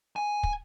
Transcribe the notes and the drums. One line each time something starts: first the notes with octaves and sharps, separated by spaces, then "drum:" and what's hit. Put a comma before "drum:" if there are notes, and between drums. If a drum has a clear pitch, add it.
G#5
drum: kick